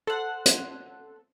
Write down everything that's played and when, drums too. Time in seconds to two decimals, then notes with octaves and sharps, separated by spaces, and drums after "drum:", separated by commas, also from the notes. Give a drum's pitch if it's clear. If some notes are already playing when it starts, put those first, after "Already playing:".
0.07 A4 C5 F#5
0.46 drum: hi-hat